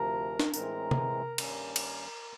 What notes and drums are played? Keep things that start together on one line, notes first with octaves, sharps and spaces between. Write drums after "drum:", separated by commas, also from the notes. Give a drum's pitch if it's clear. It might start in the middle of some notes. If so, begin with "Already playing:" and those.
Already playing: D2 C3 F3 A#4 A#5
drum: snare
A2 E3 G#3 C4 A#4 A#5, drum: tambourine
drum: tom C3
G2 D#3 G3 A#3 C#4, drum: cymbal
drum: cymbal